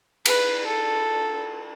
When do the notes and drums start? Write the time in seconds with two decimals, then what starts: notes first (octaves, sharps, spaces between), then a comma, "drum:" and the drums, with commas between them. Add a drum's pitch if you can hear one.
0.26 B4, drum: cymbal
0.67 A4